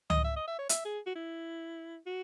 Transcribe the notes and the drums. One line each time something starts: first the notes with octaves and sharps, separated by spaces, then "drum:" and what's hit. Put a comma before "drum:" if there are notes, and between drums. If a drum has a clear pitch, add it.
D#5, drum: tom C#2
E5
D#5
E5
C#5
E5, drum: hi-hat
G#4
F#4
E4
F#4